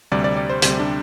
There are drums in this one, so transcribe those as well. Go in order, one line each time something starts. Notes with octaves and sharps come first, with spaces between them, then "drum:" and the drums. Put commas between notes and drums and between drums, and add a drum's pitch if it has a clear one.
D2 C3 G3 D5
D5
D5
C5
D2 C3 G3 C5, drum: hi-hat
D4